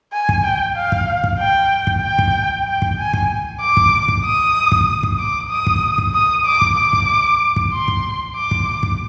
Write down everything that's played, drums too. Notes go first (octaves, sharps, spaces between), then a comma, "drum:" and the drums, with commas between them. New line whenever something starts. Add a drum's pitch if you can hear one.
G#5
drum: kick
G5
F5
drum: kick
drum: kick
G5
drum: kick
G5
drum: kick
G5
drum: kick
G#5
drum: kick
D6
drum: kick
drum: kick
D#6
drum: kick
drum: kick
D6
D#6
drum: kick
drum: kick
D#6
D6
drum: kick
D6
drum: kick
drum: kick
C6
drum: kick
D6
drum: kick
drum: kick